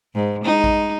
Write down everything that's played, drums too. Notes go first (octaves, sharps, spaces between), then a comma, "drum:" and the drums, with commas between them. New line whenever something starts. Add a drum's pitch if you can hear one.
G#2
G#3 D#4
drum: kick A1